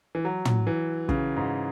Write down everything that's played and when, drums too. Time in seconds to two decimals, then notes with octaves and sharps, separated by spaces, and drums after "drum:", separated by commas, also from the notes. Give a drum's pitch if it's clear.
0.15 E3
0.25 F#3
0.45 drum: tom
0.67 E3
1.09 C#3, drum: kick
1.36 G#2